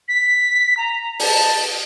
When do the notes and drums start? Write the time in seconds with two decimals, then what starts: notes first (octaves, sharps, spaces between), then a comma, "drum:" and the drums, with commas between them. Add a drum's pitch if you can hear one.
0.08 B6
0.77 A#5
1.20 A5, drum: open hi-hat